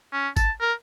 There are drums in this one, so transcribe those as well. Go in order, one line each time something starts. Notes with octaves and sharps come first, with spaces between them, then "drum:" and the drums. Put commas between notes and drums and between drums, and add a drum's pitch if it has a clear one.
C#4
A5, drum: kick, tambourine
A#4